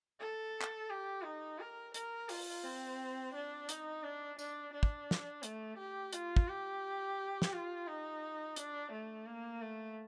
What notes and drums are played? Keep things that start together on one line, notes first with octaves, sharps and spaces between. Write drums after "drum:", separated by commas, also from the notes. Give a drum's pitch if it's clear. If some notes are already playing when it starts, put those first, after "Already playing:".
A4
drum: clap
G4
D#4
A#4
A#4, drum: hi-hat
F4, drum: open hi-hat
C4
D4
D#4, drum: hi-hat
D4
D4, drum: tambourine
D4
drum: kick
drum: snare
A3, drum: hi-hat
G4
F4, drum: hi-hat
drum: kick
G4
drum: snare
F4
D#4
D4, drum: hi-hat
A3
A#3
A3